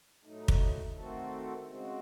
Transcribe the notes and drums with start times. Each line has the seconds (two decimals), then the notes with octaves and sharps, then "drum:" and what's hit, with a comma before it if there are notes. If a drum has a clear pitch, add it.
0.24 A2 F#3 A3 D#4
0.48 drum: kick
0.96 D#3 A3 C4 F#4 A4
1.68 C#3 G#3 C4 F#4